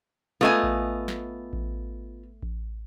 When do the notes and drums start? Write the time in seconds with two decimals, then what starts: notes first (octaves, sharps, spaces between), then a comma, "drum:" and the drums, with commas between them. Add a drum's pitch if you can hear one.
0.41 A3 B3 F4 D#5 G#5
0.63 drum: kick A1
1.08 drum: snare
1.53 drum: kick A1
2.43 drum: kick A1